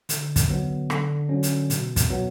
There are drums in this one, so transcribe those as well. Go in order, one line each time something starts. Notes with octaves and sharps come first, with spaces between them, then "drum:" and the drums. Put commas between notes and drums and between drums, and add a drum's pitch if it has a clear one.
D3, drum: hi-hat
drum: kick, hi-hat
F#3 B3
D3, drum: rim click
F#3 C#4
drum: hi-hat
B2, drum: hi-hat
drum: kick, hi-hat
F#3 B3